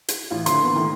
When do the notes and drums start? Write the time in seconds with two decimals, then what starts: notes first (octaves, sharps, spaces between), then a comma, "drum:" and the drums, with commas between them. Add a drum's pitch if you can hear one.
0.08 drum: hi-hat
0.31 A1 A2 F4
0.46 D3 F3 A3 C6, drum: hi-hat
0.60 A1 A#3 B3
0.75 A2 D#3 A3